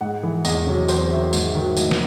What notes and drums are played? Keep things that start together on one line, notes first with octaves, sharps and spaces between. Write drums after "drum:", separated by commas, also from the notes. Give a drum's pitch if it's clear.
G#2 F#5
E3
E2 D#5, drum: tambourine
C3 F#3 C#5
E2 C5, drum: tambourine
D#3 F#3 E5
G#2, drum: tambourine
D#3 F#3
A2 D#5, drum: tambourine
drum: snare